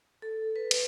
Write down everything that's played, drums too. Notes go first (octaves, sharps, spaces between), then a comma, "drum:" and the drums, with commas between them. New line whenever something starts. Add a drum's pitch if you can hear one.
A4
B4
B4, drum: cymbal